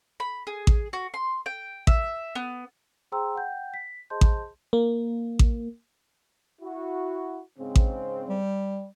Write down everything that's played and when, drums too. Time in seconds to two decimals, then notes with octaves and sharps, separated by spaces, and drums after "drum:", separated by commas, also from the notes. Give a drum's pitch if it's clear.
0.20 B5
0.47 G#4
0.67 drum: kick A1
0.93 F#4
1.14 C6
1.46 G5
1.87 E5, drum: kick A1
2.35 B3
3.12 G#4 C5 G5 A#5 C6 E6
3.35 F#5 G5 G6
3.74 B6
4.10 G#4 C5 D#5 A5 C6 G6
4.21 drum: kick A1
4.73 A#3
5.39 drum: kick A1
6.61 E4 F#4
7.58 G#2 C#3 C4
7.76 drum: kick A1
8.29 G3